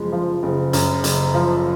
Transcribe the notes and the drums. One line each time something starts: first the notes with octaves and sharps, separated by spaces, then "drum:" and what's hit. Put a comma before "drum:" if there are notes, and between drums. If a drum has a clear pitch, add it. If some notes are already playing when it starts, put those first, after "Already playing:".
Already playing: F#1 F3 G#3
F3
F#1
F#2, drum: hi-hat
F#1, drum: hi-hat
F3